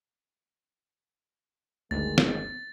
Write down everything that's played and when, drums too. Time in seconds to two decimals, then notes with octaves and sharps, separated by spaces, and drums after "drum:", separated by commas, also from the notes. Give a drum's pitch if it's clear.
1.91 G1 D2 D#3 G#3 A6
2.18 drum: snare